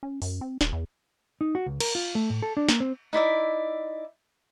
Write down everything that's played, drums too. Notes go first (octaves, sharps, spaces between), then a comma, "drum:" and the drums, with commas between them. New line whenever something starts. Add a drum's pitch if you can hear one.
C#4
F#2, drum: open hi-hat
C4
D#1, drum: snare
E2
D#4
F#4
C#2
A#4, drum: cymbal
F4
A3
A2
A4
D4
A#3, drum: snare
C4
D#4 E4 D5 E5